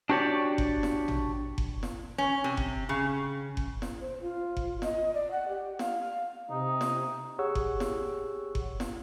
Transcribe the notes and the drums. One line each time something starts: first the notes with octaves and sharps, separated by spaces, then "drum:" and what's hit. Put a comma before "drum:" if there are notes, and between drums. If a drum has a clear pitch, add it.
D4 F#4 G4 C#5 D5
drum: kick F#1
drum: snare
drum: tom
drum: kick F#1
drum: snare
C#4
C3
drum: kick F#1
C#3
drum: kick F#1
drum: snare
C5
F4
drum: kick F#1
D#5, drum: snare
D5
F#5
G4
F5, drum: snare
F5
C3 D#4
drum: snare
G4 G#4 C#5 F#5 C#6 E6
drum: kick F#1
drum: snare
drum: kick F#1
drum: snare